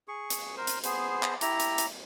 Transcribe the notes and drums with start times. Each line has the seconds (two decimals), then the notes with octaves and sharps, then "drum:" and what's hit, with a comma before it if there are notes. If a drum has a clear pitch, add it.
0.08 G#4 C#6
0.30 drum: hi-hat
0.57 A#4 C5
0.67 drum: hi-hat
0.84 B3 G#4 C5, drum: hi-hat
1.23 drum: clap
1.41 E4 G4 A#5, drum: hi-hat
1.60 drum: hi-hat
1.78 drum: hi-hat